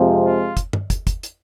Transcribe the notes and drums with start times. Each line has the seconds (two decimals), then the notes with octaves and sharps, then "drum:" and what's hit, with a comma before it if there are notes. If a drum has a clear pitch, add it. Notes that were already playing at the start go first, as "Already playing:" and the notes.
Already playing: F2 C3 F3 G#3
0.24 F4
0.57 drum: kick, hi-hat
0.73 drum: tom
0.90 drum: kick, hi-hat
1.07 drum: kick, hi-hat
1.23 drum: hi-hat